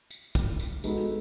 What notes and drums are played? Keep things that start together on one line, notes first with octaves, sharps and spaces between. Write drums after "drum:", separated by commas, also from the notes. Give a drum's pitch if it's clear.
drum: tambourine
drum: kick, tambourine
drum: tambourine
G#3 B3 D#4 F#4 A4, drum: tambourine